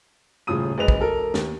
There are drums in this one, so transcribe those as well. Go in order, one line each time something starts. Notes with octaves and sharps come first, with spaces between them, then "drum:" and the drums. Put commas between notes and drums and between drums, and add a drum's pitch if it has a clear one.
D#1 A1 C#3 F4 D#6 D#7
F#1 G#3 B4 D#5 F7
drum: kick
E1 A4 A#4
D#2, drum: snare